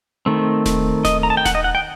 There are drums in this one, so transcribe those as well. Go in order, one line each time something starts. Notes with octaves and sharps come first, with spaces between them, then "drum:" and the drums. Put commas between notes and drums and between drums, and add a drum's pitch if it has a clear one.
D#3 A3 C4
drum: snare D#1
D#5, drum: snare D#1
A#5
A5
G5
F#5, drum: snare D#1
D#5
F#5
G5